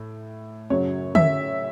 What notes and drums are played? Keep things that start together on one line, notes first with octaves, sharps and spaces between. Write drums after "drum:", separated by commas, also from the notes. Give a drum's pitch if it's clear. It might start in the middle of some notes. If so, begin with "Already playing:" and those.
Already playing: A2
F#2 C#3 F#3 C#5
E5, drum: tom